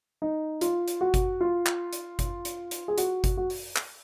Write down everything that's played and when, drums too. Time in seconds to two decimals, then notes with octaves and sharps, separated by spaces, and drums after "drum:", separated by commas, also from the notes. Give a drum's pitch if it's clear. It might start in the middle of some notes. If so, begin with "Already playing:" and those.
0.22 D#4
0.61 F4, drum: hi-hat
0.88 drum: hi-hat
1.01 F#4
1.14 drum: kick G1, hi-hat
1.41 F4
1.66 drum: clap
1.93 drum: hi-hat
2.19 drum: kick G1, hi-hat
2.45 drum: hi-hat
2.71 drum: hi-hat
2.88 G#4
2.98 F#4, drum: hi-hat
3.24 drum: kick G1, hi-hat
3.37 F#4
3.50 drum: open hi-hat
3.76 drum: clap